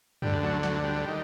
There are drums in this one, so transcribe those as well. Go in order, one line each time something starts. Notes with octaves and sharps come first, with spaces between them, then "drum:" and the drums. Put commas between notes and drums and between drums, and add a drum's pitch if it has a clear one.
D2 D3 G3, drum: tom F#2
F#3 A3
F#3, drum: snare
G3
D#3